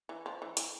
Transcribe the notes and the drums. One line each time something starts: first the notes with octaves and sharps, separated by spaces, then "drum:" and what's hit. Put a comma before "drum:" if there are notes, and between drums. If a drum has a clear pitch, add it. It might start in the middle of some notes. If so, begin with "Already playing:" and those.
E3
F3
E3
E3, drum: hi-hat